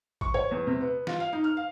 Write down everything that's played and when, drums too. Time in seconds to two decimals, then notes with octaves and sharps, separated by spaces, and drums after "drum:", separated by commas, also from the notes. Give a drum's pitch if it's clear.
0.21 C#6, drum: kick
0.34 C#5, drum: tom
0.51 E2
0.67 C3
0.81 B3
1.07 F4, drum: snare
1.20 F5
1.33 D#4
1.44 F6
1.57 F5